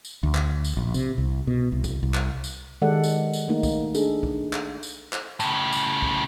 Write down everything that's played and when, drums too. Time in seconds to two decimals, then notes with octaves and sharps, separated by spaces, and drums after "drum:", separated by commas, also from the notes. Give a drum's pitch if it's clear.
0.05 drum: tambourine
0.23 D2
0.35 drum: clap
0.64 drum: tambourine
0.77 A#1
0.94 C3, drum: tambourine
1.18 C2
1.47 B2
1.72 C2
1.84 drum: kick, tambourine
2.03 C2
2.14 drum: clap
2.44 drum: tambourine
2.82 D#3 G#3 G4 A4 D5 F#5
3.04 drum: tambourine
3.33 drum: tambourine
3.48 A3 A#3 D#4
3.63 drum: kick, tambourine
3.95 D4 G#4 A4, drum: tambourine
4.23 drum: kick
4.53 drum: clap
4.83 drum: tambourine
5.13 drum: clap
5.40 A2 C#3, drum: tambourine
5.72 drum: tambourine
6.02 drum: kick